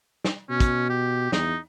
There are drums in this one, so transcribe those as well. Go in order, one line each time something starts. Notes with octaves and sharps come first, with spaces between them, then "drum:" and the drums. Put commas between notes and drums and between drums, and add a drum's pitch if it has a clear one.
drum: snare
B2 C#4
drum: kick, hi-hat
G4
E2 D#4, drum: snare